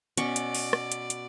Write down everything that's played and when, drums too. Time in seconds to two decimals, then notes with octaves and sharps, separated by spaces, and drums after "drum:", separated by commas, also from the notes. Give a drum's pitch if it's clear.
0.17 B2 C#4 D5 C#6, drum: hi-hat
0.36 drum: hi-hat
0.55 drum: open hi-hat
0.73 drum: rim click
0.92 drum: hi-hat
1.10 drum: hi-hat